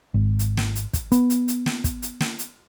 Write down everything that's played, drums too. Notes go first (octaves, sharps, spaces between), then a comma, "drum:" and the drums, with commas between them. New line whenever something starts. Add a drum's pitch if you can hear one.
G#1
drum: hi-hat
drum: snare
drum: hi-hat
drum: kick, hi-hat
B3, drum: hi-hat
drum: hi-hat
drum: hi-hat
drum: snare
drum: kick, hi-hat
drum: hi-hat
drum: snare
drum: hi-hat